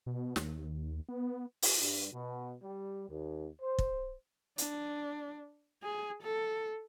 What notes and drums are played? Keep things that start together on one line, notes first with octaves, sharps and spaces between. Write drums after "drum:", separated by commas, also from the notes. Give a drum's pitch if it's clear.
B2
D#2, drum: snare
B3
drum: open hi-hat
G2
B2
G3
D#2
C5
drum: kick
D4, drum: hi-hat
G#4
A4